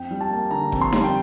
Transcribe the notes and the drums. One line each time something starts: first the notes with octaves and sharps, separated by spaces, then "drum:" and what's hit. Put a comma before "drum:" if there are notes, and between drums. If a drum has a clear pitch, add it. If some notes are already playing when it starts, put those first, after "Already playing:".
Already playing: F2 G5
G3
A5
A#3
D3 A#5
F2, drum: kick G1
C6
G3, drum: snare D#4
G5